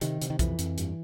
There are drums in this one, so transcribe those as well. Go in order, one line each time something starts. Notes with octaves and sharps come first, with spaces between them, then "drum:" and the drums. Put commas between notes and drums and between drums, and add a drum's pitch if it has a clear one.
C3 D#3, drum: hi-hat
C3, drum: hi-hat
D#3
F2 E3, drum: kick, hi-hat
F2, drum: hi-hat
G2, drum: hi-hat